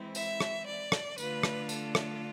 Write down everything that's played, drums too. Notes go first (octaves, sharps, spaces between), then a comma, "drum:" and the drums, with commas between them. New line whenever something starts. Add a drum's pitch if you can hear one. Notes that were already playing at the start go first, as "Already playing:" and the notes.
Already playing: E3 G#3 C4 E4
E5, drum: tambourine
drum: rim click
D5
drum: rim click
D3 A3 D4 F4 B4, drum: tambourine
drum: rim click
A4, drum: tambourine
drum: rim click